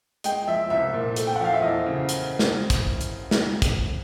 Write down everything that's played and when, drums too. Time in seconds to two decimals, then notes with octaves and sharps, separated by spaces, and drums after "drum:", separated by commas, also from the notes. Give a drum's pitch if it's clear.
0.24 G#3 G5, drum: hi-hat
0.48 F3 E5
0.70 C2 E5
0.94 A#2
1.16 A3, drum: hi-hat
1.27 G5
1.36 F#5
1.40 F3 F5
1.53 E5
1.62 E2 D#5
1.86 C#3
2.09 drum: hi-hat
2.39 drum: snare
2.70 drum: kick, hi-hat
3.01 drum: hi-hat
3.31 drum: snare
3.62 drum: kick, hi-hat